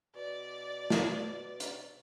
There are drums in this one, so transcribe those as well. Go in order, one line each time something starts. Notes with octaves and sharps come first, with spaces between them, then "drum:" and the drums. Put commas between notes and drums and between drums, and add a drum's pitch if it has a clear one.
B2 D5
drum: snare
drum: hi-hat